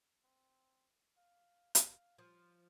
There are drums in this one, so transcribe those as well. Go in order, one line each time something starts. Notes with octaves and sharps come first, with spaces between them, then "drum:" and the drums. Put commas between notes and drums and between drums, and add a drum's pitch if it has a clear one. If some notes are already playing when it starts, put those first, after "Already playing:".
C4
F5
F5, drum: hi-hat
F3 C6